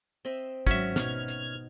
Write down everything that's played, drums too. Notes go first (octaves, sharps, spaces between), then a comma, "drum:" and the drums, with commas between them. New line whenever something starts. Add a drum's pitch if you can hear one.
C4 D#5 E5
G#1 F#3 C#4 F#4 E5 A#5, drum: kick, hi-hat
B2 D#4 F6 G#6, drum: snare
drum: hi-hat